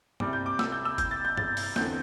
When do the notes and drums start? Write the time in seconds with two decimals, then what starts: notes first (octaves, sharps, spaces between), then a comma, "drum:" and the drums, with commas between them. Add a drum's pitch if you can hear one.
0.20 C2 C3 G3 C4 D6, drum: tom G2
0.33 G6
0.46 D6
0.59 E6, drum: snare
0.72 G6
0.85 E6
0.98 G6, drum: kick G1, hi-hat
1.11 A6
1.25 G6
1.37 A6, drum: tom G2
1.57 drum: open hi-hat
1.76 E2 D3 C4 G6, drum: snare